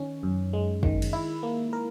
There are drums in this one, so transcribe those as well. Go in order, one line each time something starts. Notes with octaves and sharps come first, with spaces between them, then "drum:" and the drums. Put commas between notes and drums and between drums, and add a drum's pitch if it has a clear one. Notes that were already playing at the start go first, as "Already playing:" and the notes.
Already playing: D#3 C#4
F#2
G#3
D#3, drum: kick
drum: cymbal
E4
A#3
A#4